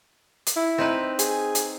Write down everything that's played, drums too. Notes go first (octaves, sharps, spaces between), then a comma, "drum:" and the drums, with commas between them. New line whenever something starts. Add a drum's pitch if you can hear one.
drum: hi-hat
E4
C4 D#4 B4
G#4, drum: hi-hat
drum: hi-hat